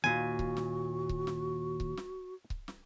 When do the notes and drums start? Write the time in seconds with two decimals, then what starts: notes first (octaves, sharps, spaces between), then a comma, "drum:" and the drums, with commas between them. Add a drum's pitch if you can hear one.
0.04 D#2 A#2 F#4 G#5
0.39 drum: kick C#1
0.57 drum: snare
1.09 drum: kick C#1
1.27 drum: snare
1.80 drum: kick C#1
1.97 drum: snare
2.50 drum: kick C#1
2.68 drum: snare